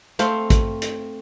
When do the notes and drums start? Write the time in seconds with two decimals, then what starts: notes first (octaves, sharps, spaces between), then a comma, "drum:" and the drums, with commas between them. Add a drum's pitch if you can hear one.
0.19 A3 C4 C5 F5, drum: hi-hat
0.50 drum: kick, hi-hat
0.82 drum: hi-hat